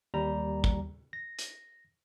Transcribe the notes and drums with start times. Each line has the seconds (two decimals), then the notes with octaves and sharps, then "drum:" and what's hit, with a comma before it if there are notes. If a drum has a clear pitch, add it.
0.14 D#2 G3 A#5
0.64 drum: kick
1.13 A#6
1.39 drum: hi-hat